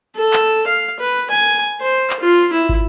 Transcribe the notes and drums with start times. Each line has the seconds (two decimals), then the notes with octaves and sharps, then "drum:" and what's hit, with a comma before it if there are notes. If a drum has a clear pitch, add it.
0.16 A4
0.33 drum: clap
0.67 F5
1.00 B4
1.31 G#5
1.81 C5
2.10 drum: clap
2.20 F4
2.53 E4
2.69 drum: kick